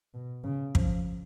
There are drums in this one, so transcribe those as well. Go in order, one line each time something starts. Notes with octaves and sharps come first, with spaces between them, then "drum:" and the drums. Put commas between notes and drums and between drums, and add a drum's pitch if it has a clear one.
B2
C#3
F3, drum: kick